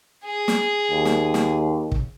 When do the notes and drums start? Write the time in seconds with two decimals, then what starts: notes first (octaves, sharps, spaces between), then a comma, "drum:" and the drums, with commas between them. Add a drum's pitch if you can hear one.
0.25 G#4
0.48 drum: snare
0.91 D#2
1.05 drum: snare
1.34 drum: snare
1.92 drum: kick